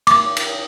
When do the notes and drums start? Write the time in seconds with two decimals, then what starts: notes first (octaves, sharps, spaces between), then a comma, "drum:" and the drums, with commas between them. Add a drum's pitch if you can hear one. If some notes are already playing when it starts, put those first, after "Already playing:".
0.07 D6, drum: cymbal
0.36 drum: cymbal